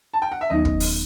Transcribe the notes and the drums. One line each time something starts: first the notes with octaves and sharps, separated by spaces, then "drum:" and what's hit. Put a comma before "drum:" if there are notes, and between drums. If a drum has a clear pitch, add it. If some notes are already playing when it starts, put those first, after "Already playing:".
A5
G5
F#5
E5
D#2 D#3 F#3 B3 D#4 D#5
drum: kick
drum: open hi-hat